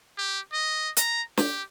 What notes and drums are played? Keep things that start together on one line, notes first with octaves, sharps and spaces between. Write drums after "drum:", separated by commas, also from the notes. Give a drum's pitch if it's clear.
G4
D#5
A#5, drum: hi-hat
G4, drum: snare